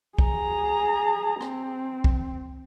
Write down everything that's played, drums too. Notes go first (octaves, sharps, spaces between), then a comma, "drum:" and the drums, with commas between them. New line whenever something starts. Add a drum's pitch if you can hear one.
G#4 A#5, drum: kick
C4, drum: rim click
drum: kick